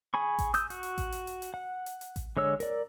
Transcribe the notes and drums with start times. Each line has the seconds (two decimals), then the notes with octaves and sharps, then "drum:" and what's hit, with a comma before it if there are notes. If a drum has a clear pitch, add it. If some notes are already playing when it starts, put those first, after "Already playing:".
0.14 G#4 G#5 B5 C#6
0.39 drum: kick A1, hi-hat
0.54 D#6 E6 G6, drum: hi-hat
0.70 F#4, drum: hi-hat
0.83 drum: hi-hat
0.98 drum: kick A1, hi-hat
1.12 drum: hi-hat
1.27 drum: hi-hat
1.42 drum: hi-hat
1.54 F#5
1.86 drum: hi-hat
2.01 drum: hi-hat
2.16 drum: kick A1, hi-hat
2.37 D3 G#3 C#5 E6
2.60 A#4 D5, drum: hi-hat